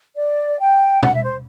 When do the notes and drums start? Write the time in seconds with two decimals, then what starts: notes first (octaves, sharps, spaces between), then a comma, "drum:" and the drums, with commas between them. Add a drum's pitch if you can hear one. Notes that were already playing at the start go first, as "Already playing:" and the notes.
0.16 D5
0.60 G5
1.03 F#5, drum: tom B2
1.14 E5
1.24 C5